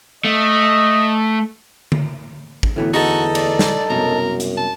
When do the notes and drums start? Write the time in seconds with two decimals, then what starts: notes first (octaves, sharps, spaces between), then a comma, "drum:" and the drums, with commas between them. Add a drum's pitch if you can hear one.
0.25 A3 D#5
1.92 drum: tom D3
2.63 drum: kick
2.76 D2 A2 E3 B3
2.94 E2 D#4 F#4 A4, drum: open hi-hat
3.35 D5, drum: cymbal
3.59 drum: snare
3.90 C2 F#2 B2 A#4
4.40 drum: hi-hat
4.57 A5